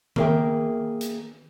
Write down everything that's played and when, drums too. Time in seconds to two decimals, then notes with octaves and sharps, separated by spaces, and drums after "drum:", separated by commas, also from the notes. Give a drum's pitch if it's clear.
0.16 A#3 G#4 A#4 D5 E5 G5, drum: tom D#3
1.01 drum: hi-hat